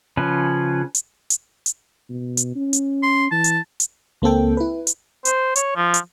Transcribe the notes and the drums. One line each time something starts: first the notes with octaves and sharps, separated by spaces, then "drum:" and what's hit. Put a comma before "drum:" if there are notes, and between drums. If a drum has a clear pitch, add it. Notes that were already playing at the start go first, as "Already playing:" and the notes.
C#3 F3 C#4 B4
drum: hi-hat
drum: hi-hat
drum: hi-hat
B2
drum: hi-hat
C#4
drum: hi-hat
C6
E3 A5
drum: hi-hat
drum: hi-hat
C#2 A#3 C4 A4 G5
E4 B4
drum: hi-hat
C5, drum: hi-hat
C#5, drum: hi-hat
F3
drum: hi-hat